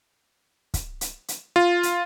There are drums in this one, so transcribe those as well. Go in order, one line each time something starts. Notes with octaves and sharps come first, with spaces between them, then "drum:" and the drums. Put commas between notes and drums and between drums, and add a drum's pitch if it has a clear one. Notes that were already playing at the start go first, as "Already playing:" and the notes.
drum: kick, hi-hat
drum: hi-hat
drum: hi-hat
F4
drum: hi-hat